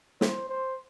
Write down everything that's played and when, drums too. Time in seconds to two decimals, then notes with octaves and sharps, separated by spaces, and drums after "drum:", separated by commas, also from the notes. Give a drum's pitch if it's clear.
0.21 C5, drum: snare
0.49 C5